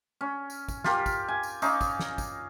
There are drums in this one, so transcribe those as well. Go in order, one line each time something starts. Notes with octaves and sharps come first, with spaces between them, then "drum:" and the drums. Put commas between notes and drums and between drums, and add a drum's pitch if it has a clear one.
C#4
drum: tambourine
drum: kick, tambourine
F4 G4 A#4, drum: snare
drum: kick, tambourine
G#5
drum: tambourine
C#4 D#4 F5 D6, drum: tambourine
drum: kick, tambourine
drum: snare
drum: kick, tambourine